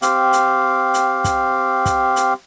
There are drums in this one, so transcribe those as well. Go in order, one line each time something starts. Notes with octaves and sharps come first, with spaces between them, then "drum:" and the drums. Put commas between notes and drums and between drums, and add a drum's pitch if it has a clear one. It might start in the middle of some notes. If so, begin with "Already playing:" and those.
C4 G4 F5, drum: hi-hat
drum: hi-hat
drum: hi-hat
drum: kick, hi-hat
drum: kick, hi-hat
drum: hi-hat